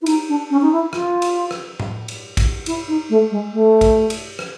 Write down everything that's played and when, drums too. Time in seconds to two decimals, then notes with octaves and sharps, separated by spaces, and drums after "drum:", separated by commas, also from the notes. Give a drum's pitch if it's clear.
0.01 E4
0.06 D#4, drum: cymbal
0.28 D4
0.50 C#4
0.61 D#4
0.71 E4
0.93 F4, drum: rim click
1.22 drum: cymbal
1.51 drum: rim click
1.80 drum: tom A2
2.08 drum: cymbal
2.37 drum: kick, cymbal
2.66 E4, drum: cymbal
2.88 D#4
3.09 A3
3.31 G#3
3.53 A3
3.81 drum: kick, cymbal
4.10 drum: cymbal
4.39 drum: rim click